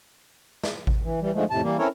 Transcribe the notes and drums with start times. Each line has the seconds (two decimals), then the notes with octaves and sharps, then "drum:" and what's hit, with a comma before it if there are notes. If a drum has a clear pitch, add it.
0.64 drum: snare
0.87 drum: kick G#1
1.04 E3
1.21 E3 G3
1.35 G#2 D3 F3 G#3 A3
1.50 F2 A2 C3 A5
1.63 E3 G3 A#3
1.78 C4 C#4 E4 A4 A#4 C#5